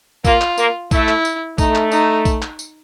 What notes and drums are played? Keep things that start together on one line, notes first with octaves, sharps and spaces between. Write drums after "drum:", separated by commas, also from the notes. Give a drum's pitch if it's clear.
A#3 F4, drum: kick, tambourine
drum: clap
A#3, drum: tambourine
A3 E4, drum: kick, tambourine
drum: clap
drum: tambourine
A3 D#4, drum: kick, tambourine
drum: clap
D#4, drum: tambourine
drum: kick, tambourine
drum: clap
drum: tambourine